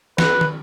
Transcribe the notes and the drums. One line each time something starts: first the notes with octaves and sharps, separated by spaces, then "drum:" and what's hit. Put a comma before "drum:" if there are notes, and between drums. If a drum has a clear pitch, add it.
B4, drum: snare
drum: tom